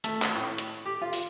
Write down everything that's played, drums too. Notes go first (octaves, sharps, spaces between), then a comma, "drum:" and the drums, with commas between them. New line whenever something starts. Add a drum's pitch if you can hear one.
A3, drum: hi-hat
drum: clap
A2
drum: hi-hat
G4
F4
drum: open hi-hat